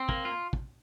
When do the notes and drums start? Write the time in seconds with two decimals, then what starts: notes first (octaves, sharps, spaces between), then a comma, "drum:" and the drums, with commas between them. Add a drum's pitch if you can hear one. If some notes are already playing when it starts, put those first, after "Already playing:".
Already playing: C4
0.09 A#3, drum: kick
0.25 F4
0.53 drum: kick